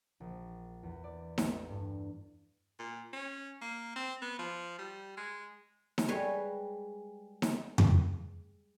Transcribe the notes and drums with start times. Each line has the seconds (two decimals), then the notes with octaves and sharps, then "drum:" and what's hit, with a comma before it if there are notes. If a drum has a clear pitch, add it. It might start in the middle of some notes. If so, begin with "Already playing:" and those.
0.20 A#1
0.83 E2
1.04 D5
1.38 A1, drum: snare D#4
1.69 G2
2.79 A#2
3.13 C#4
3.61 A#3
3.95 C4
4.22 B3
4.39 F3
4.79 G3
5.17 G#3
5.98 drum: snare D#4
6.08 G3 G#3 B4 C#5
7.42 drum: snare D#4
7.78 drum: tom F2